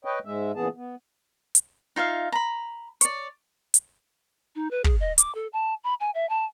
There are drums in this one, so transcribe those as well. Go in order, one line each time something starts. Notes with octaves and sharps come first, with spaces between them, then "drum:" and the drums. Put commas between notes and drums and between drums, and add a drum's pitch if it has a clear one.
B4 C#5 D#5 G5
G#2 G#3 E5
A#2 C#3 E3 B3 G#4 A5
B3
drum: hi-hat
D#4 F4 E5 F5
A#5 B5
C#5 D5, drum: hi-hat
drum: hi-hat
D#4
B4
G#4, drum: kick
D#5
D6, drum: hi-hat
A4
A5
B5
G#5
E5
A5